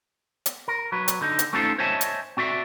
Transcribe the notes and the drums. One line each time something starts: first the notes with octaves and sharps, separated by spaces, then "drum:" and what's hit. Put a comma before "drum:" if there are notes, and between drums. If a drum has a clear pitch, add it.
drum: hi-hat
A#4
F#3 B4
drum: hi-hat
D3 D#4
drum: hi-hat
A3 C4 C#4 D#4 F4 A4
C5 C#5 D#5 E5 G#5 A5
drum: hi-hat
C4 F#4 D5 E5